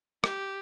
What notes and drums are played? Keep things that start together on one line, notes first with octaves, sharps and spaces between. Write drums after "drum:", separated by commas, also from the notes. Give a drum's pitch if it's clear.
G4, drum: rim click